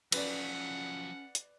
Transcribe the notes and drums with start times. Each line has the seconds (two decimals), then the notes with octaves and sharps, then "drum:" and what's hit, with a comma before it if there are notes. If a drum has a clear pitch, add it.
0.12 F3 F#3 C#4 B4 D5 F#5, drum: cymbal
1.35 drum: hi-hat